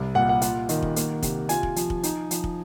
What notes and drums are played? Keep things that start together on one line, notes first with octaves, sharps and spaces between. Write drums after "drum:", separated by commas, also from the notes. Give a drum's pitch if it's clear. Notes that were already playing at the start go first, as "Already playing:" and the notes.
Already playing: C2
A#2 F#5
F#5
F4 F#5, drum: hi-hat
D#3, drum: hi-hat
drum: kick
A#3, drum: hi-hat
C3, drum: kick, hi-hat
F4 G#5, drum: hi-hat
drum: kick
F3, drum: hi-hat
drum: kick
D#4, drum: hi-hat
F3, drum: hi-hat
drum: kick